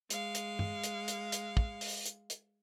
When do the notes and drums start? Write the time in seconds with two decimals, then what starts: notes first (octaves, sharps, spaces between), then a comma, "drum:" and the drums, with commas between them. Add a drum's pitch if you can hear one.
0.10 G#3 F5, drum: hi-hat
0.35 drum: hi-hat
0.59 drum: tom G2
0.84 drum: hi-hat
1.08 drum: hi-hat
1.32 drum: hi-hat
1.57 drum: kick
1.81 drum: open hi-hat
2.06 drum: hi-hat
2.30 drum: hi-hat